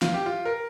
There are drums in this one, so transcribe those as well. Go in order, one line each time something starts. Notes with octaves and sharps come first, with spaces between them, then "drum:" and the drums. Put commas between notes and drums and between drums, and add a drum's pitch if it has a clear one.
F4, drum: snare
G4
F4
A#4